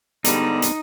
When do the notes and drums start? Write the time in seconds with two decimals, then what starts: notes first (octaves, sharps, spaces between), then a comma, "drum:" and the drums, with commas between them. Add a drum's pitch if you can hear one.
0.24 G#2 D3 G3 B3 D#4 B5, drum: hi-hat
0.62 drum: hi-hat